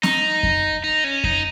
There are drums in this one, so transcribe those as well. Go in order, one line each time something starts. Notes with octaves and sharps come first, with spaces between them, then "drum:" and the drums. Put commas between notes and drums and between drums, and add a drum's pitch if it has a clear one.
D#4, drum: snare
drum: kick F2
D#4
C#4
D#4, drum: kick F2